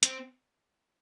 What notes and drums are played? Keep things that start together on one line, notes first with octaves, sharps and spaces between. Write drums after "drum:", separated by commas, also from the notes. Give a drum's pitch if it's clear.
C4, drum: hi-hat